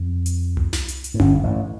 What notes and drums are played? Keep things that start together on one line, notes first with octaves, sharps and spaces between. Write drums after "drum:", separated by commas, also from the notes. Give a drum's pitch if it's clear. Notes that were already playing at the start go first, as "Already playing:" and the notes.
Already playing: F2
drum: hi-hat
drum: tom C2
drum: snare
drum: hi-hat
drum: hi-hat
A2
G1 G2, drum: tom C#4
A1 A2